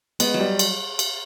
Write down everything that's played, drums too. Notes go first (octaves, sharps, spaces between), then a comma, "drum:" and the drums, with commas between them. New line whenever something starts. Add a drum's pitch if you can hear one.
G#3 B3, drum: cymbal
F#3
G3
drum: cymbal
drum: cymbal